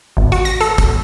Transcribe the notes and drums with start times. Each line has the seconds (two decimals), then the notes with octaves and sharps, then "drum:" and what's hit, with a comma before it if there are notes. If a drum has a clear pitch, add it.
0.17 G#1
0.32 F#4, drum: hi-hat
0.45 A#6, drum: hi-hat
0.61 A4, drum: hi-hat
0.78 drum: kick, hi-hat